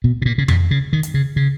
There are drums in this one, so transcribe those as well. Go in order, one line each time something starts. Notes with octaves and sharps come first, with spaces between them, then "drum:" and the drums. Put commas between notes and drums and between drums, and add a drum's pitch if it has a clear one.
B2
B2
A#2
C#3
B2, drum: tom F2
C#3
D#3
drum: hi-hat
C#3
C#3